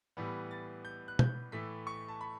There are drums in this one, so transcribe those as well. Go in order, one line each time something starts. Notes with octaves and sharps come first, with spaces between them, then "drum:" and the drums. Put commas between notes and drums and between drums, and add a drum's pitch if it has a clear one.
A2 E3 G3 B3
A6
G6
F#6
G6, drum: tom
A2 E3 A3 B6
C#6
A5
B5